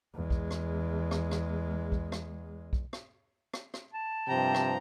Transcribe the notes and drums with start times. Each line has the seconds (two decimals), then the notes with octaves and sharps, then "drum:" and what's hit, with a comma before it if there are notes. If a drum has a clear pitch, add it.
0.15 E2 G#3
0.30 drum: kick
0.51 drum: rim click
1.11 drum: rim click
1.31 drum: rim click
1.92 drum: kick
2.12 drum: rim click
2.73 drum: kick
2.93 drum: rim click
3.54 drum: rim click
3.74 drum: rim click
3.94 A5
4.28 G2 C3 F3 G5 A#5
4.55 drum: rim click